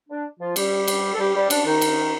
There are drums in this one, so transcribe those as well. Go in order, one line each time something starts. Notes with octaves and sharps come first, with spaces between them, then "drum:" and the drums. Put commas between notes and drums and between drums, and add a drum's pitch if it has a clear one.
D4
F3 F4
G3 G4, drum: cymbal
drum: cymbal
A4
G3 G4
G3 G4
D4, drum: cymbal
D#3 D#4
drum: cymbal